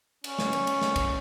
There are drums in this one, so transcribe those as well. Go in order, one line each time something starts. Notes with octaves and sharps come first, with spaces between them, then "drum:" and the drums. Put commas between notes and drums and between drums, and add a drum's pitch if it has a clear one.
C#4, drum: cymbal
drum: snare
drum: cymbal
drum: cymbal
drum: snare
drum: kick, cymbal